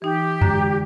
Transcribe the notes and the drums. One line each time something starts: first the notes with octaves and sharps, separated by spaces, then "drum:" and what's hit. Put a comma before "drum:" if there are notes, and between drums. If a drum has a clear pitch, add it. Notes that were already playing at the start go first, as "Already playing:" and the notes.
E3 D#4 G4
F#2 D3 G#3, drum: tom F2